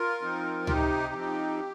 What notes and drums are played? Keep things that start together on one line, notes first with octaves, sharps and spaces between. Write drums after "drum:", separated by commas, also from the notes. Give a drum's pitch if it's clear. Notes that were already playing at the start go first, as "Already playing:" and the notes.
Already playing: F4 A#4
F3 C4 D#4
C3 D#4 G4, drum: tom C#2
F3 C4 D#4